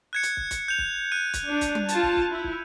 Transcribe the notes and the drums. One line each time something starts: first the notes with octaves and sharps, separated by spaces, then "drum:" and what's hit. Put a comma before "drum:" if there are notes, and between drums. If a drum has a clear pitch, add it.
F#6 G#6 C#7
drum: hi-hat
drum: kick
drum: kick, hi-hat
G6 F7
drum: kick
F#6 D#7
drum: kick, hi-hat
D4
drum: kick, hi-hat
drum: tom G3
F4 A5, drum: hi-hat
drum: kick
drum: kick
E4
drum: kick